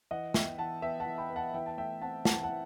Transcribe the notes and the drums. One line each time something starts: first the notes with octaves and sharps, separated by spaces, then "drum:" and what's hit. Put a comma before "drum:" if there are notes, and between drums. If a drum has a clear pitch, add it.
E3 D#5 F#5
B3 E5 G5, drum: snare
E3 F#5 A5
B3 E5 G5
F#5 A5
E3
G5 B5
B3
F#5 A5
E3 E5 G5
A5
A3 E5 G5
C4 F#5 A5
E3 F#5 A5, drum: snare
F#5 A5
E3